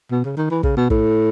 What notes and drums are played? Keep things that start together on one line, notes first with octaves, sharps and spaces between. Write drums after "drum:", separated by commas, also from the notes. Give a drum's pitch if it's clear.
B2
C#3
D#3
E3
C#3, drum: kick
B2
A2, drum: kick